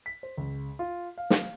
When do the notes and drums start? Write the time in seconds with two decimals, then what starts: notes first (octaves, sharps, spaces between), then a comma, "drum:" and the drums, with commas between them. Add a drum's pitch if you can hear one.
0.06 B6
0.23 C5
0.38 C#2
0.79 F4
1.18 F5
1.30 drum: snare